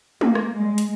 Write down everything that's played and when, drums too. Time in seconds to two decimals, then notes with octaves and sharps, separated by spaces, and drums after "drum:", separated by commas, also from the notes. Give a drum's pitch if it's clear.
0.21 A#3, drum: tom
0.35 drum: rim click
0.57 G#3
0.78 drum: hi-hat